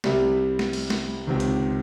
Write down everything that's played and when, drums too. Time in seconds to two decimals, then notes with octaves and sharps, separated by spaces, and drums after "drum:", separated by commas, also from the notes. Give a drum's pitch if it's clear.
0.04 C2 C3 G3, drum: snare
0.59 drum: snare
0.73 drum: cymbal
0.90 drum: snare
1.27 C#2 C3 D#3
1.40 drum: hi-hat